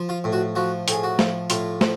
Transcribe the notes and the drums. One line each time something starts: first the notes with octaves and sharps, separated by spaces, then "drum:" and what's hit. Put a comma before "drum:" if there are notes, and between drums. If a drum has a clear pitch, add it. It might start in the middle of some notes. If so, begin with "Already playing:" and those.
Already playing: F3
F4
A2
F#4
F3 F#4
A2 G#4, drum: hi-hat
F#4
F3, drum: snare
A2 F4, drum: hi-hat
F3, drum: snare